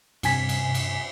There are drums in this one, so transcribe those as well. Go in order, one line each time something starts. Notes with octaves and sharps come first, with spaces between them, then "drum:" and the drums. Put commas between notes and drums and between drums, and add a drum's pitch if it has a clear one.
G2 C3 G#5 B6, drum: cymbal
drum: cymbal
drum: cymbal